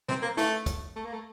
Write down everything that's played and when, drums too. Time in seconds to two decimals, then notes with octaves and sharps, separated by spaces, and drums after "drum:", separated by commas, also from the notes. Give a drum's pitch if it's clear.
0.09 C4, drum: tom A#2
0.22 A#3
0.37 A3, drum: snare E4
0.66 drum: kick, hi-hat
0.96 A3
1.05 A#3
1.13 A3